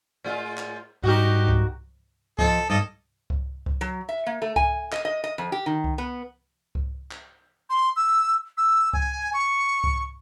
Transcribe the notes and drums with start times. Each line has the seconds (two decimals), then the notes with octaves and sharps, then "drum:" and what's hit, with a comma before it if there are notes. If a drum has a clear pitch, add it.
0.24 A2 G#3 F4
0.58 drum: clap
1.03 G#2 G3 D#4 F#4 G4 A#4
1.48 drum: kick C2
2.39 F3 A4 D#5, drum: kick C2
2.70 G2 A4 D#5
3.30 drum: kick C2
3.66 drum: kick C2
3.81 F#3
4.09 E5
4.27 A#3
4.42 A3
4.56 G#5, drum: kick C2
4.92 D#5, drum: clap
5.05 D#5
5.24 D#5
5.38 F2
5.52 G4
5.66 D#3
5.84 drum: kick C2
5.98 B3
6.75 drum: kick C2
7.11 drum: clap
7.70 C6
7.96 E6
8.57 E6
8.93 G#5, drum: kick C2
9.34 C#6
9.84 drum: kick C2